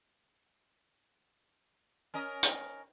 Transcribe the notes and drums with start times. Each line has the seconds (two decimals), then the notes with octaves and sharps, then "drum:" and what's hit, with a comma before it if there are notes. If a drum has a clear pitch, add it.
2.14 C#4 A#4 D#5
2.43 drum: hi-hat